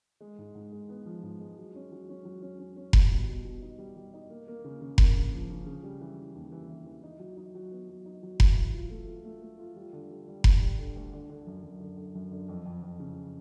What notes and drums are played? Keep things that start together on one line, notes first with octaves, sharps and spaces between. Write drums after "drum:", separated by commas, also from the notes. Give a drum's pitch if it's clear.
G#3
G#2
G#2
G#3
B3
F3
G#2
G#3
F#3
C#4
F#3
C#4
F#3
C#4
C#4
C#4
G3, drum: kick F1
B2
B2
B2
D#4
G3
G3
D#4
A#3
A#3
C#3
C#3
A#3, drum: kick F1
C#3
F3
C#3
C#3
G3
E3
E3
D#2
E3
E3
E3
D#4
F#3
D#4
F#3
B3
F#3
D#4
F#3
E3, drum: kick F1
E3
F4
A3
F4
A3
A3
F4
G3
D3
G3
G3
D3, drum: kick F1
G3
D3
D2
D3
D3
F#2
F#2
D3
D3
F#2
D3
F2
F2
F2
C#3